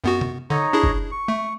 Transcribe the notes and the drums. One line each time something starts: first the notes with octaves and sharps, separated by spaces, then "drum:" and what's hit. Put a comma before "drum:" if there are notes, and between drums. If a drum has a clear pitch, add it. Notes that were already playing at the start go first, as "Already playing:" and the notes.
F#2 B3 F#4
drum: tom C3
D3 D#4 C#5 A#5
D4 E4 G#4
drum: kick
C#6
A3